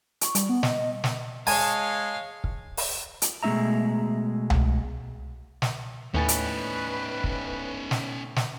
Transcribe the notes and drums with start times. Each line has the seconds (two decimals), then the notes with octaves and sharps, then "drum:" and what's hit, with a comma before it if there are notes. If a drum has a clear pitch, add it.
0.21 C#6, drum: hi-hat
0.35 G3, drum: hi-hat
0.49 B3
0.63 D#5, drum: snare
1.04 drum: snare
1.47 G#3 C#5 F5 G#5 A5, drum: open hi-hat
2.44 drum: kick
2.77 drum: open hi-hat
3.22 drum: hi-hat
3.43 B2 G#3 A3 D#4 E5 A#5
4.50 drum: tom C2
5.62 drum: snare
6.14 D#2 A2 C#4 D#4 B4 G#5 A6
6.29 drum: hi-hat
7.24 drum: kick
7.91 drum: snare
8.36 drum: snare